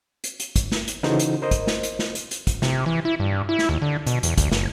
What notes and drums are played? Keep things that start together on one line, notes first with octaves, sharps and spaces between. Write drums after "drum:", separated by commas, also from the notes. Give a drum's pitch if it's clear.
drum: hi-hat
drum: hi-hat
drum: kick, hi-hat
drum: snare
drum: hi-hat
C#3 E3 D#4 F#4 A4 C5, drum: snare
drum: hi-hat
A#4 C5 D#5
drum: kick, hi-hat
drum: snare
drum: hi-hat
drum: snare
drum: hi-hat
drum: hi-hat
drum: kick, hi-hat
C3, drum: snare
E3
E4
G2
E4
drum: snare
D#2
D3
B2, drum: hi-hat
E2, drum: hi-hat
D2, drum: kick, hi-hat
F#1, drum: snare